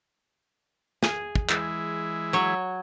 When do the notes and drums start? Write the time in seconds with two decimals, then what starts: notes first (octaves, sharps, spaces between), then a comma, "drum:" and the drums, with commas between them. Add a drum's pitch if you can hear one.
1.03 G#4, drum: snare
1.35 drum: kick
1.49 E3 G#3 E4, drum: clap
2.33 F#3 C#5